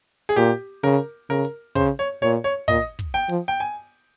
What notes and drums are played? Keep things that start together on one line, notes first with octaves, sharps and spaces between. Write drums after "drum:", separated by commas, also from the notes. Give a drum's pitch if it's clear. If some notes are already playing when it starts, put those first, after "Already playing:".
G#4
A#2 G4
C#3 A#4, drum: open hi-hat
C#3 A#4
drum: hi-hat
C#3 C5, drum: kick, hi-hat
C#5
A#2 C#5
C#5
A#2 D#5, drum: kick, hi-hat
drum: kick, hi-hat
G5
F3, drum: open hi-hat
G5
G#5